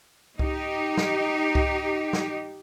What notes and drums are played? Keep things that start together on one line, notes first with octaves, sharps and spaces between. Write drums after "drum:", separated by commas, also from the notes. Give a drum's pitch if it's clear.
D#4 G4, drum: kick C2
drum: snare
drum: kick C2
drum: snare